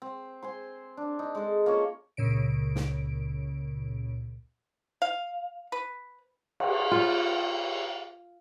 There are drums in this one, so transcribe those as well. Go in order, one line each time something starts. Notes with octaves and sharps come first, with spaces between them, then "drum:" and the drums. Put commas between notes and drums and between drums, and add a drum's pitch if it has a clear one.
C4
C5 G#5 C6
D4
D#4
G#3 D#4 A4
A#3 C#4 F4 C#5
C#2 A#2 C#3 D7
drum: snare
F5
B4
drum: cymbal
F4 C5 F5